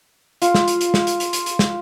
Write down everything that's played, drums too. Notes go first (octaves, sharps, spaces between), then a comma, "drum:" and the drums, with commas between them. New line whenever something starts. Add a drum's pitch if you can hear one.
F4, drum: hi-hat
drum: snare
drum: hi-hat
drum: hi-hat
drum: snare
drum: hi-hat
drum: hi-hat
drum: hi-hat
drum: hi-hat
drum: snare